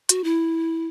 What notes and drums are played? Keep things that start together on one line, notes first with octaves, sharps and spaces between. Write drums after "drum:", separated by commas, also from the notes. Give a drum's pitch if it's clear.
F#4, drum: hi-hat
E4